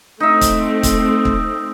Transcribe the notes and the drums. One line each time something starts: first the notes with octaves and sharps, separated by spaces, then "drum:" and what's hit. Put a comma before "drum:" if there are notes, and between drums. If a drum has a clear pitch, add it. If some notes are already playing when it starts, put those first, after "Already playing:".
A3 C4 D#4 E5
drum: kick, hi-hat
drum: kick, hi-hat
drum: kick